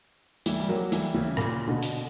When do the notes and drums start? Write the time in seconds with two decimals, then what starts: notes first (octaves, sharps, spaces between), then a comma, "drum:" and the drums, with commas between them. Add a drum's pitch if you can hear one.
0.46 E3 G3, drum: hi-hat
0.60 G3
0.69 F#3 A#3
0.92 E3 G3, drum: hi-hat
1.14 C#3 E3
1.37 A#2 C#3, drum: rim click
1.68 B2 D3
1.83 drum: hi-hat